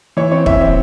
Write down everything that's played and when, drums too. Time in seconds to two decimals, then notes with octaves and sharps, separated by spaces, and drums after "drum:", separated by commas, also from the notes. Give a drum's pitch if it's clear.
0.17 E3 C#5
0.32 C4 C#5
0.46 E3 E5, drum: kick
0.61 C4 E5